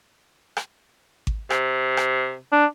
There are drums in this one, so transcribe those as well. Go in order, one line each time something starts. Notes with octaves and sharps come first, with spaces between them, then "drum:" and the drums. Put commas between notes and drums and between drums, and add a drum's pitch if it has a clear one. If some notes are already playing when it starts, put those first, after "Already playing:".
drum: rim click
drum: kick G#1
C3, drum: rim click
drum: rim click
D4